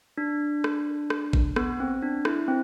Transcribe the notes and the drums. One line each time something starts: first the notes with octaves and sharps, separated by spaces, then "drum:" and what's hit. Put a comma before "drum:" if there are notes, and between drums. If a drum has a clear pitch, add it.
D4
drum: rim click
drum: rim click
drum: kick A1
B3, drum: rim click
C4
D4
E4, drum: rim click
C4